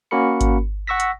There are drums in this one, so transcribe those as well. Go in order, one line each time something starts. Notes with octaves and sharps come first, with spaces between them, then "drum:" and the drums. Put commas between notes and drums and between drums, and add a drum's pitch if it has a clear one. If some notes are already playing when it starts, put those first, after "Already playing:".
A#3 C#4 F#4 A#4 B5 C#7
drum: kick G#1, hi-hat
F#5 C#6 E6 A#6 B6
drum: hi-hat